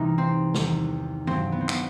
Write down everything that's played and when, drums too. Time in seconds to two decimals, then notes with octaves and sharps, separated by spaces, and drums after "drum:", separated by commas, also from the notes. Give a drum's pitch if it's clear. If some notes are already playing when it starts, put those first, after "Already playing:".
Already playing: C2 C3 E3 G3 D#4
0.18 C4
0.54 E2 D#3 G3, drum: snare
1.27 G2 F#3 C4, drum: tom D#3
1.52 B3
1.61 C4
1.69 B3, drum: clap